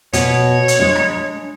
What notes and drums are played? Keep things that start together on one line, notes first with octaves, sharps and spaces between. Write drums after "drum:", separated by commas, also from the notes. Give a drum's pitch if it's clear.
B2 C#5, drum: hi-hat
drum: hi-hat
G#3 D4
drum: rim click